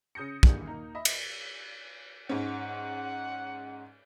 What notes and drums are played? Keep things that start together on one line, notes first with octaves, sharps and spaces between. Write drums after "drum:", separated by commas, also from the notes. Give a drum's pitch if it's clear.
C#3 D#6 G6 A#6 C#7
D3 E3 G3 A#3 G#4, drum: kick
A#3 D#4
D#5 E5 B5
drum: cymbal
G#2 C#4 F#5